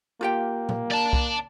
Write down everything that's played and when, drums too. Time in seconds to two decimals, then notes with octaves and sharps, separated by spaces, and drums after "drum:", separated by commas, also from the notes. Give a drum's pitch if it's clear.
0.21 A#3 F4 G4 G5
0.69 drum: tom A#2
0.91 D5 A5
1.13 drum: kick C2